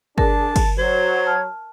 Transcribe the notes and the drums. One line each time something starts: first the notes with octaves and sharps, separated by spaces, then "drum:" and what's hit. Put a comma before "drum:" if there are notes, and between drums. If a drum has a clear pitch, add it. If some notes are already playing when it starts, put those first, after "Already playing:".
D4 G#4 A#4 A5, drum: kick G1
drum: kick G1, cymbal
F#3 C5 G#6
A5 F6